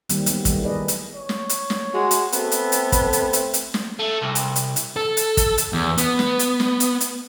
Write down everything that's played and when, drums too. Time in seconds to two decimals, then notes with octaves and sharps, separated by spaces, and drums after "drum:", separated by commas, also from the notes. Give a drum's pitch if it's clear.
0.09 D#3 G3 A#3 C4, drum: hi-hat
0.26 F#3 G3 B3, drum: hi-hat
0.45 D#3 G3 A3, drum: kick, hi-hat
0.62 E4 G#4 B4 D5 D#5
0.88 drum: hi-hat
1.15 C#5
1.29 drum: snare
1.49 drum: hi-hat
1.70 drum: snare
1.94 G#3 F#4
2.11 drum: hi-hat
2.32 A3 B3 C4 A4, drum: hi-hat
2.52 drum: hi-hat
2.72 drum: hi-hat
2.92 drum: kick, hi-hat
3.13 drum: hi-hat
3.33 drum: hi-hat
3.54 drum: hi-hat
3.74 drum: snare
4.00 A3
4.22 C2
4.35 drum: hi-hat
4.56 drum: hi-hat
4.76 drum: hi-hat
4.96 A4
5.17 drum: hi-hat
5.37 drum: kick, hi-hat
5.58 drum: hi-hat
5.73 E2
5.98 B3, drum: hi-hat
6.19 drum: snare
6.39 drum: hi-hat
6.60 drum: snare
6.80 drum: hi-hat
7.00 drum: hi-hat